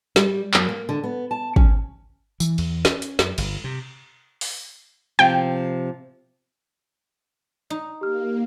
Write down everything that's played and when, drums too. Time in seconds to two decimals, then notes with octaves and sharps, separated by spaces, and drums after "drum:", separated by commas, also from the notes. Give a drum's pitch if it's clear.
0.16 G3, drum: snare
0.54 F#2, drum: clap
0.69 A#3
0.89 D3
1.04 B3
1.31 A5
1.56 C#4, drum: kick
2.40 E3, drum: tambourine
2.58 E2, drum: cymbal
2.85 C#4, drum: snare
3.02 drum: hi-hat
3.19 F#2, drum: snare
3.38 G1, drum: cymbal
3.64 C3
4.41 drum: open hi-hat
5.19 C3 F3 G5
7.70 D#4
8.01 A#3 G4 F6